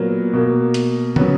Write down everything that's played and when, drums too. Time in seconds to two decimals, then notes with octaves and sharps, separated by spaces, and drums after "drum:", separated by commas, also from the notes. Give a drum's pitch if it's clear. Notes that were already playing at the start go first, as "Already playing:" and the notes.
Already playing: A#2 F#3 A#3 B3 A#4
0.33 B2 A#3
0.74 drum: hi-hat
1.16 C#3 F#3 B3, drum: tom